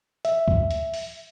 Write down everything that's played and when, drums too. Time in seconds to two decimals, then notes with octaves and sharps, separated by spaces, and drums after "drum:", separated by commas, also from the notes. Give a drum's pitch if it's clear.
0.25 E5, drum: hi-hat
0.48 drum: kick C#2
0.71 drum: hi-hat
0.94 drum: open hi-hat